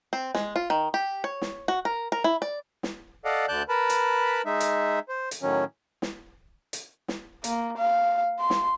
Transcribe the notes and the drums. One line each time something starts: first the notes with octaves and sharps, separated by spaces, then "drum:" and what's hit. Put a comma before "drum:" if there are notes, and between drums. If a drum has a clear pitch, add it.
C4
G#3, drum: snare
F4
D#3
G4
C#5
drum: snare
F#4
A#4
A#4
E4
D5
drum: snare
A4 D5 D#5 F5 F#5
D2 D3 D5 A5 F#6 G6
A#4 B4 A5 B5
drum: hi-hat
G#3 D#4 E5
drum: hi-hat
C5
drum: hi-hat
A2 D#3 F#3 C#4
drum: snare
drum: hi-hat
drum: snare
A#3, drum: hi-hat
F5
C6
drum: snare